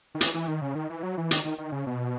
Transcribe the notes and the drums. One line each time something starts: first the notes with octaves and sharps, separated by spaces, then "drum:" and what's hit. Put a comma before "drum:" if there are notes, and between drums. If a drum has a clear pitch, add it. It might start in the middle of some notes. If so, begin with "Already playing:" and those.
D#3
E3, drum: hi-hat
E3
D#3
C#3
D#3
E3
F#3
E3
D#3, drum: hi-hat
D#3
D#3
C#3
B2